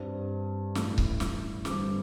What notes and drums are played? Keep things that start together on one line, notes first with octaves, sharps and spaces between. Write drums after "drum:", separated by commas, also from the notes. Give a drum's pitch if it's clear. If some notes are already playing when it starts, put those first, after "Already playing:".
Already playing: G2 G3 C4
A1 A2 A3, drum: snare
drum: kick C#1
drum: snare
G1 G2 G3 C4 D6, drum: snare